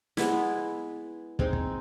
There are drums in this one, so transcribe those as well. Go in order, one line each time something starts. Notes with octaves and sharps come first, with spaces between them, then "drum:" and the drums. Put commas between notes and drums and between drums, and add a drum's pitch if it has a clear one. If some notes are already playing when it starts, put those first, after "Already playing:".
G#3 B3 E4, drum: snare
G#3 C4 D#4, drum: kick
drum: kick